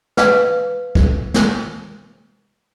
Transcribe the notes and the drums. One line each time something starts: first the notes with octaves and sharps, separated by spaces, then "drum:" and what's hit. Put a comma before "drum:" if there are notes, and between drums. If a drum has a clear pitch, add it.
B4 F5, drum: snare
drum: kick
drum: snare